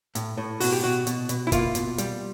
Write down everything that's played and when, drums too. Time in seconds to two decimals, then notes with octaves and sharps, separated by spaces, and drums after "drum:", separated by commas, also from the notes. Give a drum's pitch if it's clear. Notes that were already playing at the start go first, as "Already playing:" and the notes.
0.15 A2, drum: hi-hat
0.38 A2
0.60 B2 F#4, drum: open hi-hat
0.72 G4
0.84 B2 F#4
1.07 B2, drum: hi-hat
1.29 B2, drum: hi-hat
1.47 E4
1.52 A#3 F4, drum: kick, hi-hat
1.75 B2, drum: hi-hat
1.98 G3, drum: hi-hat